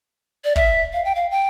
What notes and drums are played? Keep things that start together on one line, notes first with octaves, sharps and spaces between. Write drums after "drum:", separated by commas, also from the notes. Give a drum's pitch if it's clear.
D5
E5, drum: kick
F5
G5
F5
G5